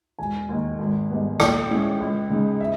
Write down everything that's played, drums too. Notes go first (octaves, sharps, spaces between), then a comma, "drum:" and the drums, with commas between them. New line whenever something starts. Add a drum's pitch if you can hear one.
E1 G#5
D#2 D#3
G#1
G#2 G3 B3
A#2 G5, drum: rim click
G#3 C#4 E4
C#2
C#3 G#3 D#4
E5